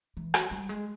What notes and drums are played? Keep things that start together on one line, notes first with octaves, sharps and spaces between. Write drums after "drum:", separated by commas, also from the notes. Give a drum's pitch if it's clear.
E3
F#3, drum: rim click
G3
G#3